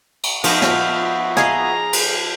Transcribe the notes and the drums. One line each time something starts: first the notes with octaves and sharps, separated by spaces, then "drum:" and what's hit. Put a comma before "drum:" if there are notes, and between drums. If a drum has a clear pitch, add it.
drum: cymbal
F3 B3 D#4 F#4 E5 F6, drum: cymbal
drum: snare
G#4 D#5 F5 A#5, drum: rim click
drum: cymbal